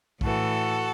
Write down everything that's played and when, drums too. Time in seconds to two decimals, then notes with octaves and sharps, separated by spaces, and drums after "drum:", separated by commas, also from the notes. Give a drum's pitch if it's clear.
0.21 A2 E3 F#4 A4, drum: kick B1